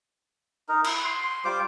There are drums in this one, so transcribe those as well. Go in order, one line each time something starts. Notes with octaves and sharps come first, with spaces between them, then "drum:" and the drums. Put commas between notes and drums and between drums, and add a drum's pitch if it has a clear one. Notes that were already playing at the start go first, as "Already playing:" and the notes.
D#4 A#4
E4, drum: cymbal
C6
C6
G3 F4 C5 D6